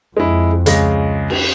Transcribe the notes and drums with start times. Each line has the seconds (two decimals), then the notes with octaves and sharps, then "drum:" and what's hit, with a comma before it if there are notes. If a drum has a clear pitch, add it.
0.17 F2 G#3 E4
0.66 C#2 G#3 A#6, drum: hi-hat
1.30 drum: cymbal